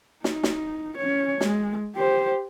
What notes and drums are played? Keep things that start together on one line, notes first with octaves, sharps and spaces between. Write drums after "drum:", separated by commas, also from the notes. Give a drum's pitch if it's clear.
D#4, drum: snare
drum: snare
C#4 C#5
G#3, drum: snare
G4 C5